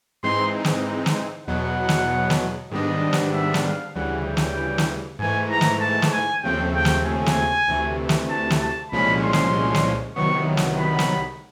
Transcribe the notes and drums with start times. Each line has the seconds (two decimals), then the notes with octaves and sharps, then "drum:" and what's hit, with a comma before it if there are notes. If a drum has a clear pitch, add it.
0.23 G#2 E3 G#3 C4 D#4 C6
0.64 drum: snare
1.06 drum: snare
1.47 E2 B2 F#3 B3 F#5
1.89 drum: snare
2.30 drum: snare
2.71 G#2 D#3 G3 B3 D4 D#5
3.13 drum: snare
3.33 E5
3.54 drum: snare
3.65 F5
3.95 D2 C#3 E3 G3 F#5
4.26 G5
4.37 drum: snare
4.78 drum: snare
5.19 G#2 E3 A3 G#5
5.50 A#5
5.61 drum: snare
5.81 A5
6.02 drum: snare
6.12 G#5
6.43 D#2 C#3 F3 A3 C4 G5
6.75 G5
6.85 drum: snare
7.05 G#5
7.26 drum: snare
7.68 D2 C3 E3 A3
8.09 drum: snare
8.30 A5
8.50 drum: snare
8.61 A5
8.92 C2 A#2 F3 G#3 C#4 B5
9.23 C6
9.33 drum: snare
9.74 drum: snare
10.16 C2 C3 D#3 F#3 B3 C#6
10.57 drum: snare
10.78 B5
10.99 drum: snare